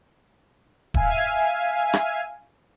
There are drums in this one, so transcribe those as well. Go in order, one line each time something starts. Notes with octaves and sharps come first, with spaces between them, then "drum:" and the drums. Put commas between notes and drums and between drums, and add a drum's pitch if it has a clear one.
E5 F5 G#5, drum: kick D#1
drum: rim click